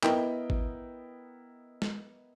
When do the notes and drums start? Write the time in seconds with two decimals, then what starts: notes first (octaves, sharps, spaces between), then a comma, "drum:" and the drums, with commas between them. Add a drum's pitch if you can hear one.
0.03 B3 E4 A#4 D#5 G5, drum: clap
0.50 drum: kick G#1
1.82 drum: snare